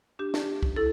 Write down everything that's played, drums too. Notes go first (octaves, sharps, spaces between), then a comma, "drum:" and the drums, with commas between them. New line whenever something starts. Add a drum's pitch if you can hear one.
D4 G4
drum: snare
drum: kick C2
E4 A4